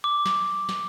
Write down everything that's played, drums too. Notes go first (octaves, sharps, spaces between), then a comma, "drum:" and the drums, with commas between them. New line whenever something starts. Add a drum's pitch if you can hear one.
D6
drum: snare
drum: snare